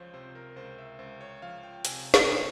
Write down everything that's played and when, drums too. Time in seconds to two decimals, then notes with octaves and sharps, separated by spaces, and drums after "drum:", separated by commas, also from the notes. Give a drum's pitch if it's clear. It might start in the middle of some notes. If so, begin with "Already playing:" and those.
Already playing: C#2 F3 C5 C#5
0.14 C3 C5
0.35 A#4
0.56 C#2 C5
0.78 E5
0.99 C#2 C5
1.21 C#5
1.42 F3 F5
1.63 G5
1.85 C3 G#5, drum: hi-hat
2.14 G5, drum: snare